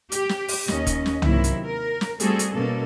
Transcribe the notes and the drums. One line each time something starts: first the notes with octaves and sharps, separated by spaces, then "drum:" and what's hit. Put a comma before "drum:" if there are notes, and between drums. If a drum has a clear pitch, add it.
G4, drum: hi-hat
drum: snare
drum: open hi-hat
D#2 C#4 D#5, drum: snare
drum: kick, hi-hat
drum: snare
C3 D#3 F#3 A#3 E4, drum: tom C2
drum: hi-hat
A#4
drum: snare
G3 A3 C4 F#4 G#4 A4, drum: hi-hat
drum: hi-hat
B2 A#3 C#4 A4